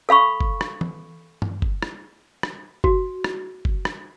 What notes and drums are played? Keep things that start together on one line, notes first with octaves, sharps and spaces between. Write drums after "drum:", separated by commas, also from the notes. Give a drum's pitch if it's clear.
A4 F5 B5 C#6
drum: kick
drum: rim click
drum: tom E3
drum: tom G2
drum: kick
drum: rim click
drum: rim click
F#4, drum: kick
drum: rim click
drum: kick
drum: rim click